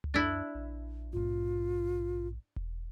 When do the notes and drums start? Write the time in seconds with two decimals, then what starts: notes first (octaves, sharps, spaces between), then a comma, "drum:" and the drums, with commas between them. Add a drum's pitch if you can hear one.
0.04 drum: tom C#2
0.14 F#2 D4 E4
0.55 A#1
1.13 G#2 B2 F4
2.56 drum: kick E1